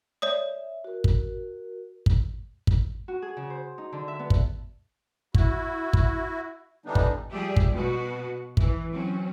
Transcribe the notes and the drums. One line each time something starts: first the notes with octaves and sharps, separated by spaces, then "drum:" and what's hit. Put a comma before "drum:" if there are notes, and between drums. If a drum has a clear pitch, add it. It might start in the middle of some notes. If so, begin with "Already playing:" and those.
C#5 D5 E5 D#6
F#4 A#4
drum: kick
drum: kick
drum: kick
F#4
G#4
C#3
C5
D#4
D3
E5
B3
drum: kick
E4 F#4, drum: kick
drum: kick
D3 E3 G3 B3 D4 D#4
drum: kick
F3 G3 G4 G#4 D5 E5
drum: kick
B2 B3 F#4
E3, drum: kick
F#3 C4 C#4